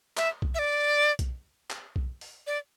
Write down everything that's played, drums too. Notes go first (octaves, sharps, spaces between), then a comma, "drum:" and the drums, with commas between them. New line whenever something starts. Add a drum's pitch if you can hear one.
E5, drum: clap
drum: kick B1
E5
D5
drum: kick B1, hi-hat
drum: clap
drum: kick B1
drum: open hi-hat
D5